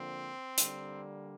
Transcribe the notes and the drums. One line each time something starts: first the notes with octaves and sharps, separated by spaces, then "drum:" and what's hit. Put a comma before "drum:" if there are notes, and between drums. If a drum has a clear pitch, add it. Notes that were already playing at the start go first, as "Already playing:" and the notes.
Already playing: D3 F3 A#3 C4
D3 G3 A#3, drum: hi-hat